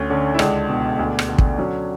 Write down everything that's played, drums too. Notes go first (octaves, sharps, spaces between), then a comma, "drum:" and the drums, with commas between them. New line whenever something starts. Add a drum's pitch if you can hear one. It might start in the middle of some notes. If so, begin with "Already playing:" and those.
Already playing: D2 C#4
D3 C#4
E4
C#2 D4, drum: rim click
B2
D2
drum: rim click
D3
drum: kick
F#3 C#4